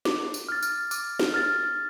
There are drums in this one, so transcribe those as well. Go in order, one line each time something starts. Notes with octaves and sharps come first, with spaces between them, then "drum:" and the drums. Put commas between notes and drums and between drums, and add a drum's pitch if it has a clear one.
D6, drum: snare
drum: tambourine
F6 A6
drum: tambourine
D6, drum: tambourine
drum: snare
F6 A6